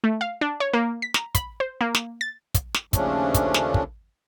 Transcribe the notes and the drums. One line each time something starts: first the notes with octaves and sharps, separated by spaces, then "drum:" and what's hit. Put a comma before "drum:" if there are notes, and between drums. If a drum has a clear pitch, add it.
A3
F5
D4
C#5
A#3
B6
A#5, drum: snare
B5, drum: kick, hi-hat
C5
A#3
drum: snare
A6
drum: kick, hi-hat
drum: snare
D#2 C#3 F3 A3 C#4 D4, drum: kick, hi-hat
drum: kick, hi-hat
drum: snare
drum: kick